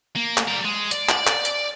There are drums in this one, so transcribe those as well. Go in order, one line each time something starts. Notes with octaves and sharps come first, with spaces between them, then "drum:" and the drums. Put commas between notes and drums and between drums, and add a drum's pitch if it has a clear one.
A#3
drum: clap
G3 A#4
G#3
D5, drum: hi-hat
drum: clap
drum: clap
drum: hi-hat